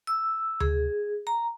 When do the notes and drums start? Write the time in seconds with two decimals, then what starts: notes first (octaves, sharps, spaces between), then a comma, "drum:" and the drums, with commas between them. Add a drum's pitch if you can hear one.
0.07 E6
0.60 G#4, drum: tom D2
1.27 A#5